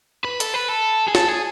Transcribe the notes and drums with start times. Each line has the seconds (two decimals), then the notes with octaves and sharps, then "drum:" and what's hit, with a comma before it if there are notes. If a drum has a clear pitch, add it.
0.25 B4
0.40 A4, drum: hi-hat
0.54 B4
0.69 A4
1.08 G#4
1.15 A4, drum: snare
1.29 G#4